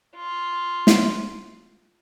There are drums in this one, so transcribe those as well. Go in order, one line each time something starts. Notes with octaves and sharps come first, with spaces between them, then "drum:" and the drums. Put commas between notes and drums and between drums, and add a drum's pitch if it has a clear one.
F4
drum: snare